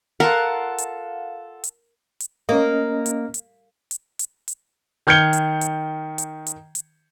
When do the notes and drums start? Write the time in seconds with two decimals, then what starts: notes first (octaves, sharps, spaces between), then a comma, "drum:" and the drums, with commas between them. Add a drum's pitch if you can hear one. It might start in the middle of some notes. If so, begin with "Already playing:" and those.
0.20 F4 A4 A#4 F#5
0.78 drum: hi-hat
1.64 drum: hi-hat
2.20 drum: hi-hat
2.49 A#3 C#4 D#5
3.06 drum: hi-hat
3.34 drum: hi-hat
3.91 drum: hi-hat
4.19 drum: hi-hat
4.48 drum: hi-hat
5.07 D#3 F6 G6 G#6 C#7 G7
5.33 drum: hi-hat
5.61 drum: hi-hat
6.18 drum: hi-hat
6.46 drum: hi-hat
6.75 drum: hi-hat